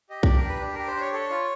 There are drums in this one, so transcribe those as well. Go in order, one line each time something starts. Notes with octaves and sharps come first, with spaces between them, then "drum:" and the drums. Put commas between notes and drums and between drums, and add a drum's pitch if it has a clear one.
G4 D#5
D4 D5, drum: kick
A#4
G4 B4
D4
G4 A#4
C5
D4 C#5
A4 C#5
F4